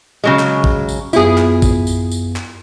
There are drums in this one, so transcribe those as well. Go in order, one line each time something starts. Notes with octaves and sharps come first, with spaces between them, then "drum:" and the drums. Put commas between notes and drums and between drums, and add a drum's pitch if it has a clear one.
C#3 F#3 G#3
drum: clap
drum: kick
drum: tambourine
F#2 B3 E4 F4 G#4, drum: tambourine
drum: clap
drum: kick, tambourine
drum: tambourine
drum: tambourine
drum: clap